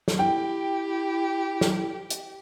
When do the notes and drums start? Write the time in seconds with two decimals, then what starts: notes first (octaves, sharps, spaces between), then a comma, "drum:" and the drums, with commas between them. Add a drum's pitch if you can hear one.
0.08 drum: snare
0.19 E4 G4 G5
1.61 drum: snare
2.10 drum: hi-hat